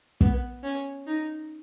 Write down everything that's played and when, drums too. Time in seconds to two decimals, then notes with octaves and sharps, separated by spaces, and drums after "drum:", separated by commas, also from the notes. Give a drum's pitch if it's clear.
0.21 B3, drum: kick
0.63 C#4
1.07 D#4